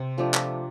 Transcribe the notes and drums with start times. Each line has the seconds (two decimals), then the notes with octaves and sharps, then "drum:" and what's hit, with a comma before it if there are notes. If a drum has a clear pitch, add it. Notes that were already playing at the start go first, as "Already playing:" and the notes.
Already playing: C3 C4
0.18 F3 A3 D4 G4
0.34 drum: clap